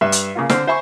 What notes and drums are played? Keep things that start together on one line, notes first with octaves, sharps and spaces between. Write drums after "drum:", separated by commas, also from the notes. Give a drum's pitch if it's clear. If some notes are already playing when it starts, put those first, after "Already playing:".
G2 E5
drum: hi-hat
C#3 A#3 F4
D3 C4 C5 F6, drum: snare
C5 E5 G#5 B5 C#6